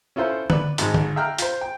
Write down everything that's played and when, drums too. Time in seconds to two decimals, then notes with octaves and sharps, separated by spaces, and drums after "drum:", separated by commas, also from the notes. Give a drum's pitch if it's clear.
0.16 C#4 E4 F4 A4 C5
0.50 B4 D5, drum: tom D3
0.78 G#1 G#2, drum: hi-hat
0.94 drum: tom D3
1.16 E5 F5 G5 A#5 F6 F#6
1.38 F4 C5, drum: hi-hat
1.61 G5